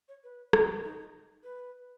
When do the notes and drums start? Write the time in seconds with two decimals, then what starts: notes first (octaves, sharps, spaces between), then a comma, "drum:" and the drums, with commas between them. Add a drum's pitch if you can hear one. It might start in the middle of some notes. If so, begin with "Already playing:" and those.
0.08 C#5
0.24 B4
0.53 drum: rim click
0.84 D#4
1.44 B4